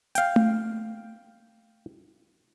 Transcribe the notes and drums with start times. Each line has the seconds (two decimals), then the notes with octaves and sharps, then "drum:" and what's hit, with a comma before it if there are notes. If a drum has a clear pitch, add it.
0.15 F5 G5, drum: hi-hat
0.36 drum: tom A3